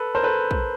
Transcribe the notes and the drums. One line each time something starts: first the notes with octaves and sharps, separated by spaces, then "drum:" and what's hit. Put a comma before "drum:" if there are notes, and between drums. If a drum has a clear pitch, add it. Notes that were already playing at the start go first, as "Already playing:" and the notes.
Already playing: A4 B4
A#4 C5
A4 B4
drum: kick